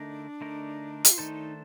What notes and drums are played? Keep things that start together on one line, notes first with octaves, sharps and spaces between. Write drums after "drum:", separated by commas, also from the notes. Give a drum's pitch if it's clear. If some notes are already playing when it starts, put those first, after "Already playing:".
Already playing: D3 A3 D4 D#4 A#4
D3 A3 D#4 A#4
G4, drum: hi-hat
F4
D#3 A3 D4 D#4 A4 C5